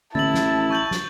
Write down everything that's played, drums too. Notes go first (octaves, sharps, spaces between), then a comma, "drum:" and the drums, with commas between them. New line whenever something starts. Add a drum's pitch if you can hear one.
A1 E4 A5 A6 F#7, drum: tom D3
drum: snare
C#6 G6 F#7
drum: snare